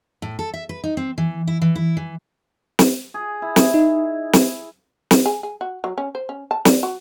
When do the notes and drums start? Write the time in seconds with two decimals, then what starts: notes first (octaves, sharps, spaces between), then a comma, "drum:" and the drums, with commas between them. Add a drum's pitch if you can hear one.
0.22 A2
0.39 A4
0.54 E5
0.69 B4
0.84 D#4
0.97 C4
1.18 E3
1.48 E4
1.62 E3
1.75 E4
1.97 E3
2.79 drum: snare
3.14 G#4
3.42 E4
3.56 drum: snare
3.74 D#4
4.33 drum: snare
5.11 drum: snare
5.26 G#4
5.43 G#4
5.61 F#4
5.84 F#3
5.98 C#4
6.15 C5
6.29 C#4
6.51 A5
6.65 D5, drum: snare
6.83 F#4